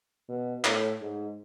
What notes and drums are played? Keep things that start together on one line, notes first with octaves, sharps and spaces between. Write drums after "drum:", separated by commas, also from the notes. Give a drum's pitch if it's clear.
B2
A2, drum: clap
G#2